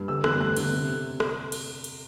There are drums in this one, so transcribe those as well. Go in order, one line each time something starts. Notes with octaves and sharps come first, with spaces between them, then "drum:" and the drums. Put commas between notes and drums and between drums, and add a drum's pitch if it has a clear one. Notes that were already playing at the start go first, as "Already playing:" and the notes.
Already playing: G2
D3 E6
E2 F#6, drum: rim click
A3 F#6
D3, drum: cymbal
C3
drum: rim click
drum: cymbal
drum: cymbal